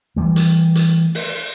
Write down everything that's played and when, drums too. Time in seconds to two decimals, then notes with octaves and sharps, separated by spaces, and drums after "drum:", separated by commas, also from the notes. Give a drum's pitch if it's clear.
0.16 E3 F3 G3 A3
0.36 drum: hi-hat
0.75 drum: hi-hat
1.15 drum: open hi-hat